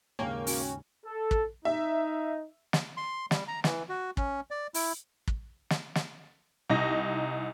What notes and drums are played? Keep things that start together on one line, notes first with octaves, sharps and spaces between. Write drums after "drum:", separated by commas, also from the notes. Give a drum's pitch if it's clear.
D#2 G#2 C#3 A#3 C#5 G5 G#5
C#4 F#4, drum: open hi-hat
A4
drum: kick
D#4 E5
drum: snare
C6
G3, drum: snare
A#5
E3, drum: snare
F#4
C#4, drum: kick
D5
E4, drum: open hi-hat
drum: kick
drum: snare
drum: snare
C2 D#4 A#6